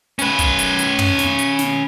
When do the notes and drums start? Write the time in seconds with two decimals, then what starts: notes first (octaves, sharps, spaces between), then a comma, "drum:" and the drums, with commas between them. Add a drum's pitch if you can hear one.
0.19 C#4 B4, drum: hi-hat
0.39 drum: kick, hi-hat
0.59 drum: hi-hat
0.79 drum: hi-hat
0.99 drum: tom
1.19 drum: snare
1.39 drum: hi-hat
1.59 drum: snare